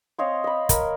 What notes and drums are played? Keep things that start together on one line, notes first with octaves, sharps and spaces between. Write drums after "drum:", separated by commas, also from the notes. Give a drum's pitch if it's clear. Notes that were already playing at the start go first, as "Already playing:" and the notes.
C4 C#5 D#5 F5
D#5 B5
A#4 D#5 B5, drum: kick, hi-hat